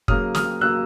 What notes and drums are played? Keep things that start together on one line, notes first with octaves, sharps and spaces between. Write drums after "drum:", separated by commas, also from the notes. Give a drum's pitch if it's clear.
C#3 F#3 A#3 D#6 F6, drum: kick
D#6 F6, drum: snare
C#3 F#3 A#3 E6 F#6